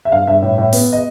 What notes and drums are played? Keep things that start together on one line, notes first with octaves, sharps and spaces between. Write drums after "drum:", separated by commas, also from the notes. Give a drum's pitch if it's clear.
E5
G2 F5
G2 E5
A2
A2
B3, drum: open hi-hat
D#5